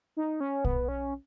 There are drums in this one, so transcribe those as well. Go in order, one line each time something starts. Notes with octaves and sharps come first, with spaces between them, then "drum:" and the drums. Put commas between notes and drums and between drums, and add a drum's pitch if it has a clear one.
D#4
C#4
B3, drum: kick
C#4